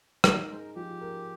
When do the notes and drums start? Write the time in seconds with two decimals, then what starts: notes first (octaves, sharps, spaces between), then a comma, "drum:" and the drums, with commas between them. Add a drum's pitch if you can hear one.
0.24 D#4 C5, drum: rim click
0.41 A#4
0.50 G#3 C5
0.58 A#4
0.75 F3 G4
1.01 A#4